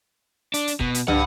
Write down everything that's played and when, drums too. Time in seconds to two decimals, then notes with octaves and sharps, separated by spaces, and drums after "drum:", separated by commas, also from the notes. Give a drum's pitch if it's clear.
0.54 D4, drum: hi-hat
0.67 drum: hi-hat
0.80 B2, drum: kick
0.94 drum: hi-hat
1.08 G2 F#5, drum: tom